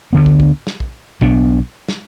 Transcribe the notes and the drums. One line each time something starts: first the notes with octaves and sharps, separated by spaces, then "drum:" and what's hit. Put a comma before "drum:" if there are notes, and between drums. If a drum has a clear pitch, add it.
D2 D3 B3
drum: kick
drum: kick
drum: snare
drum: kick
B1 B2 B3 D4, drum: kick
drum: snare